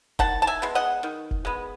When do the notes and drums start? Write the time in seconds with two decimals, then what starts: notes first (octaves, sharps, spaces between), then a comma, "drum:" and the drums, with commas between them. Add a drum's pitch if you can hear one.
0.19 D#3 F#5 A5, drum: kick F1
0.42 A5
0.47 E5 G#5
0.62 G#3 B3
0.75 D#5 F#5
1.03 D#3
1.31 drum: kick F1
1.45 G#3 B3